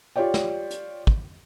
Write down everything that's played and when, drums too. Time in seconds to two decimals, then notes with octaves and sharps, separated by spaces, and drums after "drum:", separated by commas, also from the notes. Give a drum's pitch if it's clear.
0.16 F4 G4 C#5 D5 G5
0.34 drum: snare
0.71 drum: hi-hat
1.07 drum: kick